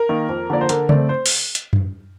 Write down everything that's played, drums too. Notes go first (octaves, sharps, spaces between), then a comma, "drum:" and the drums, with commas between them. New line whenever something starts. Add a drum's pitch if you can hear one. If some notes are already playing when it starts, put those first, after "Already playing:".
Already playing: A#4
D#3 A#3
F2
D3 F3 A#3 D5
C5
D3 A#4, drum: hi-hat
A3 C4 D5, drum: tom C#3
C5
drum: open hi-hat
drum: hi-hat
drum: tom F#2